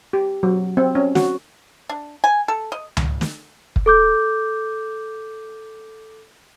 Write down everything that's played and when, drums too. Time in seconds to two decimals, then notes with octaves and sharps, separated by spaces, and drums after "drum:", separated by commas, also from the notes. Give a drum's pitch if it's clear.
0.13 G4
0.43 F#3
0.77 C4
0.95 C#4
1.15 F#4, drum: snare
1.89 D4
2.24 G#5
2.48 A4
2.72 D#5
2.97 drum: tom C#2
3.21 drum: snare
3.76 drum: kick
3.86 A4 D6 G6